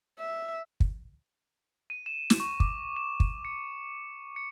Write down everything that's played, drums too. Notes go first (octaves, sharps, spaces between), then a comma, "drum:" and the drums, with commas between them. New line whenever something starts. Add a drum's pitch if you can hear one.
E5
drum: kick
D#7
E7
drum: snare
C#6
D6, drum: kick
E7
drum: kick
C#7
C#7